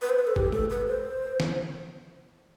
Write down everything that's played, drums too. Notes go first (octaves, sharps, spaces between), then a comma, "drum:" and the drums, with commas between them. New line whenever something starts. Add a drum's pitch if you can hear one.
B4
C5
B4
A4
G4, drum: kick G1
A4, drum: tom G#3
B4
C5
drum: snare